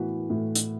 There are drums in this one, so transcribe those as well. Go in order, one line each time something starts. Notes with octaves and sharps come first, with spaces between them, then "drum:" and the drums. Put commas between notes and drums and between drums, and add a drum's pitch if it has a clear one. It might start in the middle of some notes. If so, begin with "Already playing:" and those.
Already playing: A2 E3 B3 F#4 B4
A2
drum: hi-hat